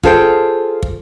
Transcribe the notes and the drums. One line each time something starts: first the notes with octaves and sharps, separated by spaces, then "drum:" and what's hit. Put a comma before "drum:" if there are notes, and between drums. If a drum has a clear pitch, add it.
F4 G#4 A4 C5 D#5 G5, drum: kick
drum: kick